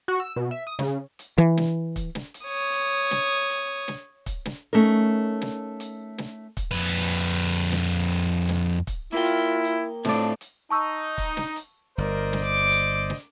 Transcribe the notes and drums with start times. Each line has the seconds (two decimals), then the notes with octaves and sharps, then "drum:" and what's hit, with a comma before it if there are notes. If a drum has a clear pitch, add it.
0.08 F#4
0.20 E6
0.36 B2
0.51 E5
0.67 D#6
0.79 C#3, drum: snare
1.19 drum: hi-hat
1.38 E3
1.57 drum: snare
1.96 drum: kick, hi-hat
2.15 drum: snare
2.34 drum: hi-hat
2.46 C#5 D#6
2.73 drum: hi-hat
3.11 drum: snare
3.49 drum: hi-hat
3.88 drum: snare
4.26 drum: kick, hi-hat
4.45 drum: snare
4.73 A3 C#4 D#4 A#4
5.41 drum: snare
5.80 drum: hi-hat
6.18 drum: snare
6.57 drum: kick, hi-hat
6.71 F2 B4
6.95 drum: hi-hat
7.34 drum: hi-hat
7.72 drum: snare
8.10 drum: hi-hat
8.49 drum: snare
8.87 drum: kick, hi-hat
9.12 A#3 E4 F4 A#4 G5
9.26 drum: hi-hat
9.64 drum: hi-hat
10.05 A2 C4 D4 F4 D5 A5, drum: snare
10.41 drum: hi-hat
10.70 D#4 A5 C#6 E6
11.18 drum: kick, hi-hat
11.37 drum: snare
11.56 drum: hi-hat
11.98 G1 A#4 C5 D5 D#5
12.33 drum: snare
12.44 D6
12.71 drum: hi-hat
13.10 drum: snare